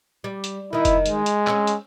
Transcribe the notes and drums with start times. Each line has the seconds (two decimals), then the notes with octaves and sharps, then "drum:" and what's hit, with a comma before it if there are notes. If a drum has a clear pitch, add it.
0.24 G3
0.44 drum: hi-hat
0.73 D#3 D#4 E4
0.85 drum: kick F1, hi-hat
1.06 G#3, drum: hi-hat
1.26 drum: hi-hat
1.47 C4 C#4, drum: clap
1.67 drum: hi-hat